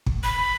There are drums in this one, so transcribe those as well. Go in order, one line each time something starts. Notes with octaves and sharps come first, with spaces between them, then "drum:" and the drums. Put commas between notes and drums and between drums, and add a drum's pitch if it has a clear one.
drum: kick
B5